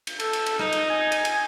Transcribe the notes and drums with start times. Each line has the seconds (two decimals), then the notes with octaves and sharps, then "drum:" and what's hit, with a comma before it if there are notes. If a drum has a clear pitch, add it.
0.07 drum: cymbal
0.20 A4, drum: cymbal
0.33 drum: cymbal
0.46 drum: cymbal
0.59 D#4, drum: rim click
0.72 drum: cymbal
0.90 G#5
1.12 drum: cymbal
1.25 drum: cymbal